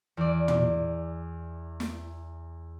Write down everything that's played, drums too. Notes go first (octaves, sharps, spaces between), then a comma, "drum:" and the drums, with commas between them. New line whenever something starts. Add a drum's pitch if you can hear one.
E2 D5
drum: tom
drum: snare